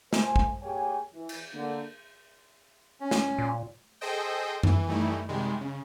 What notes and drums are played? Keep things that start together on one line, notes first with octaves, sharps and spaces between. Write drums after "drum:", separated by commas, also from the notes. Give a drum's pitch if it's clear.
A3 C5 G#5, drum: snare
drum: kick
A#3 G4 G#4 C#5 G5 G#5
E3
drum: cymbal
D3 A#3
C#4
drum: snare
A#2
G#4 A4 C5 D#5 G5
E3, drum: tom F#2
D#3 E3 G3 A3 D#4 E4
C3 D#3 G3 G#3
C#3